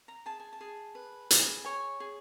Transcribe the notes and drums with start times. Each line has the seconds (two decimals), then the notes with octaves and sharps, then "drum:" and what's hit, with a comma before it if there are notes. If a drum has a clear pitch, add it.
0.08 A#5
0.26 G#4 A5
0.40 G#5
0.53 A5
0.61 G#4
0.95 B4
1.31 G#4, drum: hi-hat
1.65 C#5 G#5
2.00 G#4